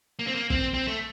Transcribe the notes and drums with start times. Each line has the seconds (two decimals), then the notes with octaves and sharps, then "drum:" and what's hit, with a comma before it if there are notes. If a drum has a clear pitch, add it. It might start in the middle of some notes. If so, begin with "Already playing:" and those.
0.19 A#3
0.27 C4
0.35 A#3
0.50 C4, drum: kick A#1
0.74 C4
0.87 A3